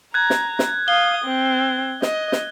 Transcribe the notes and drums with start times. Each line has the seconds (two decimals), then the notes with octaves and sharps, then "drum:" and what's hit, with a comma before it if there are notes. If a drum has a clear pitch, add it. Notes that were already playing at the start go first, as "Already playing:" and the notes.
0.14 A#5 F#6 G#6
0.30 drum: snare
0.59 drum: snare
0.88 F5 D#6 G7
1.25 C4
2.02 D#5, drum: snare
2.32 drum: snare